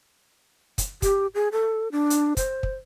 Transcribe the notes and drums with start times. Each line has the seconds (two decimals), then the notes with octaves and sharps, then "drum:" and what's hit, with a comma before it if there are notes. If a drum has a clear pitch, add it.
0.78 drum: kick, hi-hat
1.02 G4, drum: kick, hi-hat
1.34 G#4
1.52 A4
1.92 D4
2.10 drum: hi-hat
2.37 C5, drum: kick, hi-hat
2.63 drum: kick